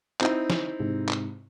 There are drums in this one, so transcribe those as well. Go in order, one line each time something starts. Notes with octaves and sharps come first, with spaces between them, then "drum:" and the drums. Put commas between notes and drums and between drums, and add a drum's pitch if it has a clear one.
C4 D#4 E4, drum: clap
drum: snare
G#2 C3
drum: clap